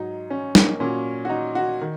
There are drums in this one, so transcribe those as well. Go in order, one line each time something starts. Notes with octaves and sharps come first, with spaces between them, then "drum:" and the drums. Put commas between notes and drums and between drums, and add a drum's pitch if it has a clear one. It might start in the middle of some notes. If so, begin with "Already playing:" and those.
Already playing: G#2 F#3 D#4
C#4
A#3, drum: snare
A#2 F#3 C#4
F#4
D#4
F#4
D#3